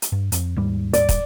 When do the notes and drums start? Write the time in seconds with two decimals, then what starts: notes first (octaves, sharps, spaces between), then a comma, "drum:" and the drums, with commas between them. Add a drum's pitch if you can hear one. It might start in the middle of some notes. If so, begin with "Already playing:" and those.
0.02 drum: hi-hat
0.12 G2
0.32 F2, drum: hi-hat
0.56 D#2 G#2 G3
0.93 D5, drum: hi-hat
1.09 drum: kick, hi-hat